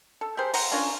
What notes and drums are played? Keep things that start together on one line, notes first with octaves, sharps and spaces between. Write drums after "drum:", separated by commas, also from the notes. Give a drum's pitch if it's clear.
A4
G4 G#4 A#4 C5
F#5 A#5 C6, drum: open hi-hat
C#4 D4 F4 A#4